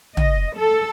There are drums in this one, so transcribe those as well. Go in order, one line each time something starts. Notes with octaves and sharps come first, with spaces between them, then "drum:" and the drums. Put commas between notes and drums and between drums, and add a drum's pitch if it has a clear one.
D#5, drum: tom
A4